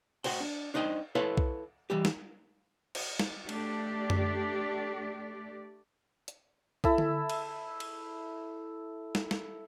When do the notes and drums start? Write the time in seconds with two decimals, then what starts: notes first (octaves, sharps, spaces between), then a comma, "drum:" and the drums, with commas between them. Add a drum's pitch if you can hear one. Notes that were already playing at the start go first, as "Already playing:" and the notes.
0.24 F#4 C5 G5, drum: cymbal
0.40 D4
0.74 D4 D#4 C5 D#5 G5
1.15 E4 A4 B4 C#5 F5 C6
1.37 drum: kick B1
1.90 E3 G3 G4
2.05 drum: snare
2.95 drum: cymbal
3.20 drum: snare
3.49 A3 D4 G4 D5, drum: cymbal
4.10 drum: tom F#2
6.28 drum: hi-hat
6.84 E4 A4 E5, drum: kick B1
6.98 drum: tom D3
7.30 drum: cymbal
7.80 drum: cymbal
9.15 drum: snare
9.31 drum: snare